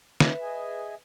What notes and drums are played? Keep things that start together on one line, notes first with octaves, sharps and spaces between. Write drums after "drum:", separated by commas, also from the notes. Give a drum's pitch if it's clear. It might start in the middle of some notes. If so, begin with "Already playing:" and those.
B4 E5, drum: snare
G#4 D#5 G#5